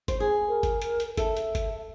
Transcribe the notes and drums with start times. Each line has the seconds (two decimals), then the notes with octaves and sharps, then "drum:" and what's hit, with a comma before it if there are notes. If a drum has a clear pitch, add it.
0.08 C5, drum: kick G1, hi-hat
0.20 G#4
0.48 A#4
0.63 drum: kick G1, hi-hat
0.82 drum: hi-hat
1.00 drum: hi-hat
1.17 A4 E5, drum: kick G1, hi-hat
1.37 drum: hi-hat
1.55 drum: kick G1, hi-hat